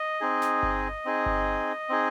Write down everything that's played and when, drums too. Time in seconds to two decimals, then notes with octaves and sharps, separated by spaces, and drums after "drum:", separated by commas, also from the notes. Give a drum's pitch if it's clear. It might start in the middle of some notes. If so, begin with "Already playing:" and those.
Already playing: D#5
0.21 C4 D#4 G#4
0.42 drum: snare
0.63 drum: kick G1
1.05 C4 D#4 G#4
1.26 drum: kick G1
1.89 C4 D#4 G#4